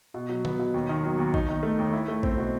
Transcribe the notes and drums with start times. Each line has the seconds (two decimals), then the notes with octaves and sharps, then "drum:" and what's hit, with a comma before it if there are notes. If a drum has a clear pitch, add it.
0.14 B2
0.29 F#3
0.45 B3, drum: tom D3
0.59 B2
0.74 D#2
0.89 D#3
1.04 F#3
1.19 D#2
1.34 D#4, drum: kick A1
1.49 D#3
1.63 A3
1.78 D#2
1.93 E4
2.08 A3
2.23 C4, drum: kick A1
2.38 B2